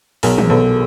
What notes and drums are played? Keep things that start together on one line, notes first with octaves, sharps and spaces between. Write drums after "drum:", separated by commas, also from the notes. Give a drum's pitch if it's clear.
B1 G#4 A#4, drum: open hi-hat
drum: tom
B1 A4 B4